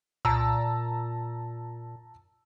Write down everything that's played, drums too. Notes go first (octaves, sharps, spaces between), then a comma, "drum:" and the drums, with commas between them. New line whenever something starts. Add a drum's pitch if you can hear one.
A#2 A5 A#5 E6, drum: tom C2